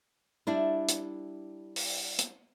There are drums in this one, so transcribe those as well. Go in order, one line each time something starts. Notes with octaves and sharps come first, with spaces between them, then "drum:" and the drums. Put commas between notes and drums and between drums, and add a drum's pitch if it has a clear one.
G3 D4 E4
drum: hi-hat
drum: open hi-hat
drum: hi-hat